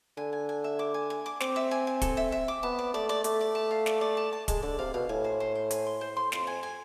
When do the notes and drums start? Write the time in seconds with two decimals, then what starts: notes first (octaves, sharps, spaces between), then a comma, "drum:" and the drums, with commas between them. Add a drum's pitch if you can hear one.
0.17 D3 G#5
0.33 G#5
0.49 G#5
0.64 E5
0.79 D6
0.94 G#5
1.10 G#5
1.26 D6
1.40 C4 D6, drum: snare
1.56 E5
1.71 G#5
1.87 G#5
2.02 A4, drum: kick, hi-hat
2.17 E5
2.32 E5
2.48 D6
2.63 B3 A5
2.79 D5
2.94 A3 D5
3.09 D5
3.24 A3 D5, drum: hi-hat
3.41 D5
3.55 A5
3.71 F5
3.86 D5, drum: snare
4.01 D5
4.17 A5
4.33 A5
4.48 G#3 A5, drum: kick, hi-hat
4.62 D3 D5
4.79 C3 F5
4.94 B2 F5
5.09 A2 G#5
5.24 C5
5.40 C5
5.55 C5
5.71 G#5, drum: hi-hat
5.86 C6
6.01 C5
6.17 C6
6.32 F2 C5, drum: snare
6.47 G#5
6.63 G#5